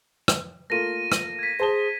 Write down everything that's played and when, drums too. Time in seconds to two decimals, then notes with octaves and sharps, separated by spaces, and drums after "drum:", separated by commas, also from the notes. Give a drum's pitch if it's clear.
0.28 drum: rim click
0.70 A3 A#3 F4 A#6 D#7
1.12 drum: rim click
1.39 G#6 B6
1.60 G#4 C5 A5 G7